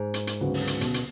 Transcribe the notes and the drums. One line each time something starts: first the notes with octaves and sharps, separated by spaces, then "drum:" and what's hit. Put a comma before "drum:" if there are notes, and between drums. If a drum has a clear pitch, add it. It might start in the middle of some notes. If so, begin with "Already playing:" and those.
Already playing: G#2
drum: hi-hat
drum: hi-hat
D2 C#3 F#3 B3 F#4
drum: open hi-hat
drum: hi-hat
B2, drum: hi-hat
drum: hi-hat